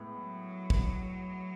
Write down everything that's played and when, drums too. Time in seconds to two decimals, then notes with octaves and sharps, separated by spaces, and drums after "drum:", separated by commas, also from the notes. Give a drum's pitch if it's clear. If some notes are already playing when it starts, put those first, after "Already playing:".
Already playing: A2 G#3 B3
0.17 F#3
0.70 drum: kick